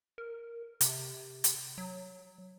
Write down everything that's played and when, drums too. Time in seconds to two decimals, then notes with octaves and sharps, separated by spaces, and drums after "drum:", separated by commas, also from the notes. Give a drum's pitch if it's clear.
0.18 A#4
0.81 C3, drum: hi-hat
1.44 drum: hi-hat
1.78 F#3